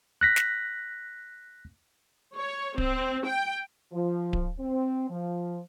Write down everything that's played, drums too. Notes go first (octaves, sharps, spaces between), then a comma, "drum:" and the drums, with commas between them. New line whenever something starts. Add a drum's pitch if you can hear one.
F#6 A#6 B6
drum: snare
C#5
C4, drum: kick D1
G5
F3
drum: kick D1
C4
F3